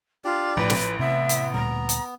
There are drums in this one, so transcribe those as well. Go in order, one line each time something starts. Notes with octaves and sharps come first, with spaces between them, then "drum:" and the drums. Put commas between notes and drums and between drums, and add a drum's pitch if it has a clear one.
D4 F4 G4 D5
A1 F3 B4
drum: snare
C3 B3 E5
drum: hi-hat
D2 A#2 G3 A#5
drum: hi-hat